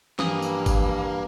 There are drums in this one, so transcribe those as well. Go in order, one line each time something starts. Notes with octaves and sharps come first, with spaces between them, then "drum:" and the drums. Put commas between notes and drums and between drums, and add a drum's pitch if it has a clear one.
G2 E3 F3 A#3 D#6, drum: snare
drum: tambourine
drum: kick G#1, tambourine